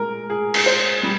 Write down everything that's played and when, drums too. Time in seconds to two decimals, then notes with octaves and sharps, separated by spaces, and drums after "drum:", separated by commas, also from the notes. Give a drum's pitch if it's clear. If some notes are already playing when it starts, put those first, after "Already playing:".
Already playing: A#2 G#3 A#4
0.30 G#4
0.54 drum: cymbal
0.66 C5
1.03 G3